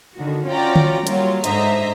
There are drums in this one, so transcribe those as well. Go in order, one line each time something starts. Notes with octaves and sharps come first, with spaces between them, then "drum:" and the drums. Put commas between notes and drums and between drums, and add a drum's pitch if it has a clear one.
D3 D#3 F#4
C#4 F4 F#4 D5 G5 A#5
drum: tom D3
F#3 G3 A#3 F4, drum: hi-hat
G#2 D3 C5 D#5 E5 A#5, drum: hi-hat